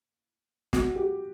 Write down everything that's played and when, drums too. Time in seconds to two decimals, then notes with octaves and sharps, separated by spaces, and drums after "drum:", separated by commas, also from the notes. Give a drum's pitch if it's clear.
0.73 F#4, drum: snare
0.96 G4